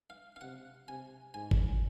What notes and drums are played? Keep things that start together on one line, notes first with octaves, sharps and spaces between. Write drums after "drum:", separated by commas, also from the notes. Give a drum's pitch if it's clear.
F5
F5
C3 F#5
C3 G#5
G#2 G#5
drum: kick G#1